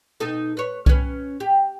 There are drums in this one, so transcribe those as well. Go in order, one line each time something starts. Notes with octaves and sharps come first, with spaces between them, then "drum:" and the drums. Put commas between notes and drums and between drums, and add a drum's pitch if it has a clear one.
B2 D#4 A4
B4 C#5
C#4 B4, drum: kick C2
G4